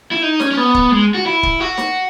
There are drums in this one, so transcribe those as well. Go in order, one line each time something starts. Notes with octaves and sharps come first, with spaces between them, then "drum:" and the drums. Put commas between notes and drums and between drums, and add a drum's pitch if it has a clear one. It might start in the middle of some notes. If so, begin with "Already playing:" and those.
E4
D#4
C#4, drum: snare
C#4
B3
drum: kick
G#3
F#4
E4
drum: kick
F#4
drum: snare